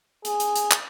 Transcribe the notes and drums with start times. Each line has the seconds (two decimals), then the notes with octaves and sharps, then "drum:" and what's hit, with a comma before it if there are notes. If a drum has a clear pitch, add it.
0.25 G#4, drum: hi-hat
0.40 drum: hi-hat
0.56 drum: hi-hat
0.71 drum: clap